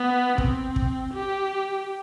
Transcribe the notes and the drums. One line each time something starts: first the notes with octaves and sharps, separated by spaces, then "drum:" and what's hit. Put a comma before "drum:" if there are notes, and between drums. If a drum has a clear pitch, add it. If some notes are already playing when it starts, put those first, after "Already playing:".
Already playing: B3
C4, drum: kick
drum: kick
G4